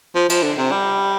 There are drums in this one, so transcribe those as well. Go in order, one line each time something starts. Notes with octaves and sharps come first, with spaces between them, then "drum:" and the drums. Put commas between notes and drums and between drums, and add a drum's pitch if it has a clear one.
F3
F3, drum: cymbal
D3
C3
G3